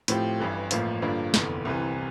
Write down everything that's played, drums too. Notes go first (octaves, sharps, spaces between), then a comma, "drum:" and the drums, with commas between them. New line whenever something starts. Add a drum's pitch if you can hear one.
A2 F3 C4 G4, drum: hi-hat
A1 G2 E3
A1 A2 F3 A#3, drum: hi-hat
G2 D3 F3 A#3 D4
F1 E2 D3, drum: snare
C2 C3 E3